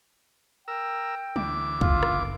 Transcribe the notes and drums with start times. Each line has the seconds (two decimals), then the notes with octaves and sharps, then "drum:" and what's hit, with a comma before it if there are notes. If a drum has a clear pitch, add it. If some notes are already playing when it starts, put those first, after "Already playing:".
0.68 A#4 G5 E6
1.36 D2 E3 D6, drum: tom
1.81 F#1 F4, drum: kick
2.03 drum: rim click